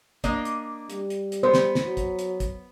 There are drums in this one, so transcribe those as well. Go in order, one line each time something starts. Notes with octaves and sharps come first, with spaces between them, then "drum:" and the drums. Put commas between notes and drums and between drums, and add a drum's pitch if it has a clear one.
A#3 D4 D#5, drum: kick, hi-hat
drum: hi-hat
G3, drum: hi-hat
drum: hi-hat
drum: hi-hat
B3 C5
drum: snare
drum: snare
F#3
drum: kick, hi-hat
drum: hi-hat
drum: kick, hi-hat